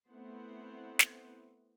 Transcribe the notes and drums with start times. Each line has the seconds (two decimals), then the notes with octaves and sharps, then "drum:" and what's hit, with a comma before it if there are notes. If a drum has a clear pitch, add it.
0.12 A3 B3 C4 E4 C5 F#5
0.99 drum: snare